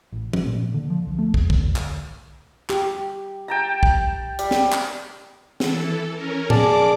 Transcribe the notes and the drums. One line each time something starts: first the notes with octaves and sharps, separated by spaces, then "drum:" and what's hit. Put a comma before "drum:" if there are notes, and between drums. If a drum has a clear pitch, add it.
A1
G1, drum: tom F3
A#2
D3
F3
C2
A3
E2, drum: kick
D3, drum: kick
D#1
drum: clap
G4, drum: clap
G5 A5 A#5
drum: kick
G3, drum: hi-hat
drum: snare
drum: clap
E3 A4, drum: snare
C#4 A#4
G#4 D5 A5 D6, drum: tom